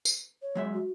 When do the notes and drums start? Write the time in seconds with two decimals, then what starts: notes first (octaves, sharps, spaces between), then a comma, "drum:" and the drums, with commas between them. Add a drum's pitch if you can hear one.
0.05 drum: tambourine
0.42 C#5
0.55 F#3 G#3 E5
0.74 F#4